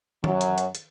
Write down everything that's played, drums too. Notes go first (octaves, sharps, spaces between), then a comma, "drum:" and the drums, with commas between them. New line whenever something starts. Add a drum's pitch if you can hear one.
F#2 F#3, drum: tom D#3
drum: hi-hat
drum: hi-hat
drum: hi-hat